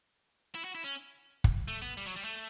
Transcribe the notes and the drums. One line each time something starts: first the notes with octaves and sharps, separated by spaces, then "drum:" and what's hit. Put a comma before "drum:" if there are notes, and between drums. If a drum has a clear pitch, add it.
E4
F#4
E4
C#4
drum: kick
A3
B3
G3
F#3
G3
A3